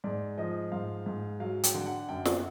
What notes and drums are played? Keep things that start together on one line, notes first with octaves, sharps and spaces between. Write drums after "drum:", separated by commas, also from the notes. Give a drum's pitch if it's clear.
G#2 D5
F3 D#5
G#2 F5
G#2
F#3 F5
G5, drum: hi-hat
D3
F#5
F#2 G5
F#5, drum: snare